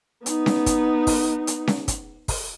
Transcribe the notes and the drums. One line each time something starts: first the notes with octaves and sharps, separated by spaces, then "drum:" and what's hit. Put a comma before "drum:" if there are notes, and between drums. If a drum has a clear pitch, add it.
B3 D#4, drum: hi-hat
drum: snare C#4
drum: kick, hi-hat
drum: kick, open hi-hat
drum: hi-hat
drum: snare C#4
drum: kick, hi-hat
drum: kick, open hi-hat